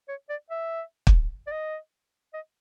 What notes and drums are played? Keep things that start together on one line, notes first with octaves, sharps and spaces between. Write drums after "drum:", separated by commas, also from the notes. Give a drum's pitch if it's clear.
C#5
D5
E5
drum: kick
D5
D#5
D#5